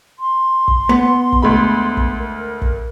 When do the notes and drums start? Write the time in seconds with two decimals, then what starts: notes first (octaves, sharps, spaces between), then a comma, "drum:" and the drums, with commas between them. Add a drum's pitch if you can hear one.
0.19 C6
0.68 drum: kick
0.89 B3
1.32 drum: kick
1.42 D2 G#3 B5
1.97 drum: kick
2.19 A#4
2.62 drum: kick